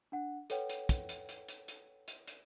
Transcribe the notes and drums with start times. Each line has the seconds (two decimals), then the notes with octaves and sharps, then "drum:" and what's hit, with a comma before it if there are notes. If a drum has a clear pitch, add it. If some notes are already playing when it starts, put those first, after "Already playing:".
0.12 D4 F#5
0.50 A4 B4 C#5 F#5 G5, drum: hi-hat
0.69 drum: hi-hat
0.89 drum: kick, hi-hat
1.09 drum: hi-hat
1.29 drum: hi-hat
1.49 drum: hi-hat
1.68 drum: hi-hat
2.08 drum: hi-hat
2.28 drum: hi-hat